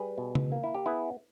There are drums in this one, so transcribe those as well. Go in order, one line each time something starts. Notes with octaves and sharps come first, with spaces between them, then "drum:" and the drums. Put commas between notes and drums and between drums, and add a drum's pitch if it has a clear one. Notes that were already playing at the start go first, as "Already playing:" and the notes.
Already playing: G3 G#4 B4
B2
drum: tom C#3
A#3
E4
G4
B3 E4 G#4